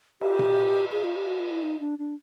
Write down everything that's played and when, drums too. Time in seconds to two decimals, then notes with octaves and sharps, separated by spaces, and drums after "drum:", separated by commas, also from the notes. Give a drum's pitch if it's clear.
0.21 G4, drum: cymbal
0.39 drum: tom A#2
0.92 G#4
1.04 F4
1.16 G4
1.27 F#4
1.39 F4
1.51 E4
1.63 D#4
1.80 D4
1.99 D4